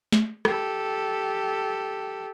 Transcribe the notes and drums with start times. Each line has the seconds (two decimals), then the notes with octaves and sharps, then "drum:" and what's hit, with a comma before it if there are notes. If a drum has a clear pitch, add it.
0.12 drum: snare
0.45 G4 A4, drum: rim click